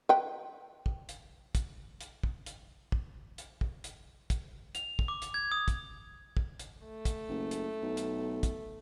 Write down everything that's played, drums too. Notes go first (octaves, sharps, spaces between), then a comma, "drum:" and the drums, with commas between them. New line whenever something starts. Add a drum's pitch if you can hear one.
B4 G5
drum: kick
drum: hi-hat
drum: kick, hi-hat
drum: hi-hat
drum: kick
drum: hi-hat
drum: kick
drum: hi-hat
drum: kick
drum: hi-hat
drum: kick, hi-hat
F7, drum: hi-hat
drum: kick
D6
drum: hi-hat
G#6
D#6
drum: kick, hi-hat
drum: kick
drum: hi-hat
A3
drum: kick, hi-hat
F#1
drum: hi-hat
B1
drum: hi-hat
drum: kick, hi-hat